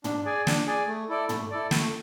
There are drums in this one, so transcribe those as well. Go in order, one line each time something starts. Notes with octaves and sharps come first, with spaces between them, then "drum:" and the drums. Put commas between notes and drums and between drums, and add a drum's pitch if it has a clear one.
D4, drum: tom
G#4 D5 G#5
D4, drum: snare
G#4 D5 G#5
A3
E4 A4 D5
A3, drum: tom
E4 A4 D5
A3, drum: snare